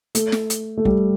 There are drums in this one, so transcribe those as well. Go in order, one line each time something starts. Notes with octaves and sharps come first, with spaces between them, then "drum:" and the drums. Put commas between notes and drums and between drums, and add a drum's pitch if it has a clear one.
A3, drum: hi-hat
drum: snare
drum: hi-hat
A3
G3, drum: kick